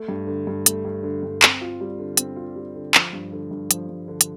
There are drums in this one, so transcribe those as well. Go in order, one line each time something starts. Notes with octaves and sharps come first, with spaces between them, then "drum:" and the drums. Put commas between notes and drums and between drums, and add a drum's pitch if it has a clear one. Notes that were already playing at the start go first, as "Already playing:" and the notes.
Already playing: A3
G2
D3
G2
A3, drum: hi-hat
G2
D3
G2
C4, drum: clap
F4
G3
D3
C4, drum: hi-hat
F4
G3
D3
F3, drum: clap
G2
D3
G2
F3, drum: hi-hat
G2
D3
drum: hi-hat